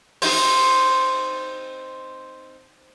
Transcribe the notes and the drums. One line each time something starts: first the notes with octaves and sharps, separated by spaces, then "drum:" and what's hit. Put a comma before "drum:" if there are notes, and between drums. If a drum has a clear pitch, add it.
C4 D#4 C5, drum: open hi-hat